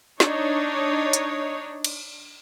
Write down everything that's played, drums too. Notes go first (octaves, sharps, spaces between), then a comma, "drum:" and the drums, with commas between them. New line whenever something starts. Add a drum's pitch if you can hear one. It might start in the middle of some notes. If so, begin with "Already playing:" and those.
D4 D#4 C#5, drum: snare
drum: hi-hat
drum: cymbal